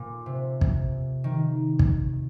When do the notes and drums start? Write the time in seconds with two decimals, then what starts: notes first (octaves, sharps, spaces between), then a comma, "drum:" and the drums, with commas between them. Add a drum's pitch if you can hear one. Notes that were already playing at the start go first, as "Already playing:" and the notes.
Already playing: A#2
0.26 C3
0.61 drum: kick
1.24 D#3
1.79 drum: kick